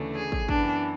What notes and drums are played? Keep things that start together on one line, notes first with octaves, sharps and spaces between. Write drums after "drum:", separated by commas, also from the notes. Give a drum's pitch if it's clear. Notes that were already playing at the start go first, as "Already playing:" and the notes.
Already playing: D2 C#3 E3 A3 D4
G#4
drum: kick
F#2 E3 B3 D4, drum: kick